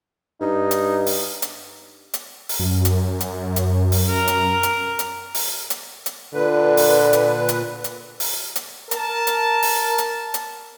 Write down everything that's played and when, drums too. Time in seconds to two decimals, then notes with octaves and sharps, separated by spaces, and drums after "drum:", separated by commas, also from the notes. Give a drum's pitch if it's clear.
0.41 G2 D#4
0.71 drum: hi-hat
1.06 drum: open hi-hat
1.42 drum: hi-hat
2.13 drum: hi-hat
2.49 drum: open hi-hat
2.59 F#2
2.85 drum: hi-hat
3.20 drum: hi-hat
3.56 drum: hi-hat
3.92 drum: open hi-hat
4.09 A#4
4.27 drum: hi-hat
4.63 drum: hi-hat
4.99 drum: hi-hat
5.34 drum: open hi-hat
5.70 drum: hi-hat
6.06 drum: hi-hat
6.34 A#2 D3 B4
6.77 drum: open hi-hat
7.13 drum: hi-hat
7.49 drum: hi-hat
7.84 drum: hi-hat
8.20 drum: open hi-hat
8.56 drum: hi-hat
8.91 A#4 A5, drum: hi-hat
9.27 drum: hi-hat
9.63 drum: open hi-hat
9.98 drum: hi-hat
10.34 drum: hi-hat